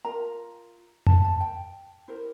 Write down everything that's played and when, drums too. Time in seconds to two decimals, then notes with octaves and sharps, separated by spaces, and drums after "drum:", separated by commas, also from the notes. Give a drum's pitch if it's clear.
0.05 F4 A#4 A#5
1.07 A5, drum: tom F2
1.24 A5
1.40 G5
2.08 E4 G4 A#4 C5